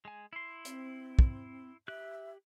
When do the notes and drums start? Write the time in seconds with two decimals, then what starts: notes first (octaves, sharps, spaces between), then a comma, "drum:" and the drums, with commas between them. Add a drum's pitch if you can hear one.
0.05 G#3 G#5
0.33 E4 C6
0.65 C4, drum: hi-hat
1.19 drum: kick
1.88 G4 E5 F#6